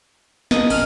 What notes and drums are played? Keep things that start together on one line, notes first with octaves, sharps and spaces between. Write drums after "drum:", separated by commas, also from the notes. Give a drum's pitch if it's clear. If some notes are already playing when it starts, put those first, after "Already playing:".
A#4 D#5, drum: snare
A1 F6, drum: open hi-hat